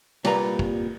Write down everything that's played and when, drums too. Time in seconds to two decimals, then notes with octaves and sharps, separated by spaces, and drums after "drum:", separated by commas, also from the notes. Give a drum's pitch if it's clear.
0.24 C2 A#2 G3 A#3 B4 A#5, drum: cymbal
0.59 drum: kick